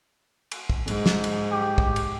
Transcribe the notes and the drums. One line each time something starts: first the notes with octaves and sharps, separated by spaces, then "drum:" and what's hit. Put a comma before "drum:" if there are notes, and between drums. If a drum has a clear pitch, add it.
drum: cymbal
drum: kick
G#2, drum: cymbal
drum: snare
drum: cymbal
G4
drum: kick
drum: cymbal